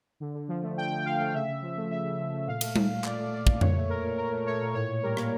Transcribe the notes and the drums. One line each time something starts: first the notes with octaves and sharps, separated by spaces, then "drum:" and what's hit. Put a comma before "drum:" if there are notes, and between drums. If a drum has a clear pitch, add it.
D3
D3
F3
A3
D3 G5
D3
F3 F5
A3
C#3 E5
C#3
F3
A3
C#3 E5
C#3
F3
A3
A#2 F5
A3, drum: cymbal
A3, drum: tom G3
A#2
A#2 D5, drum: clap
A3
A3 D5
A#2, drum: kick
A#2 C#5, drum: tom F2
A3
A3 A#4
A#2
A#2 A#4
A3
A3 C#5
A#2
A2 C#5
A2
G3 A#4
A#3, drum: rim click